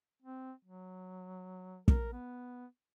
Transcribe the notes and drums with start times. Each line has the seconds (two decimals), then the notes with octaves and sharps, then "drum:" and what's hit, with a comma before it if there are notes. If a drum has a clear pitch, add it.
0.22 C4
0.65 F#3
1.88 A#4, drum: kick
2.13 B3